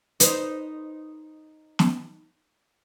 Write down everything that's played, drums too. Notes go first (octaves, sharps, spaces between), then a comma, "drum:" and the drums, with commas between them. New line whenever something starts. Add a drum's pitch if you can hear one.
D#4 B4 C5, drum: hi-hat
drum: snare